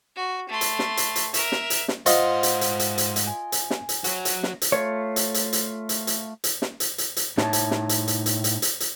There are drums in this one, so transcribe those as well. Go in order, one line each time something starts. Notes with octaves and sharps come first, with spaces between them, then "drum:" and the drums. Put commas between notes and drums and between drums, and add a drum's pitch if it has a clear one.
F#4
A3 C6
drum: hi-hat
drum: snare
drum: hi-hat
drum: hi-hat
A#4 E5, drum: hi-hat
drum: snare
drum: hi-hat
drum: snare
G#2 F4 C5 D#5 F#5 C6, drum: hi-hat
drum: hi-hat
drum: hi-hat
drum: hi-hat
drum: hi-hat
drum: hi-hat
G#5
drum: hi-hat
drum: snare
drum: hi-hat
F#4 C#5, drum: hi-hat
drum: hi-hat
drum: snare
drum: hi-hat
A3 F4 C#5
drum: hi-hat
drum: hi-hat
drum: hi-hat
drum: hi-hat
drum: hi-hat
drum: hi-hat
drum: snare
drum: hi-hat
drum: hi-hat
drum: hi-hat
A2 D#4 C#5 E5 A5, drum: snare
drum: hi-hat
drum: snare
drum: hi-hat
drum: hi-hat
drum: hi-hat
drum: hi-hat
drum: hi-hat
drum: hi-hat